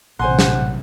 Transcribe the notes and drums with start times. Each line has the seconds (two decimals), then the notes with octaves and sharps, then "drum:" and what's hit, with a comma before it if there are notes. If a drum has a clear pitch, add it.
0.19 A#1 A2 C3 E3 C5 F#5 G#5 C6
0.39 drum: snare